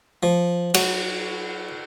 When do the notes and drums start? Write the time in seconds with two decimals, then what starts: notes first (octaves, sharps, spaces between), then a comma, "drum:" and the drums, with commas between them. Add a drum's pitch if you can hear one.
0.23 F3
0.74 F#3, drum: cymbal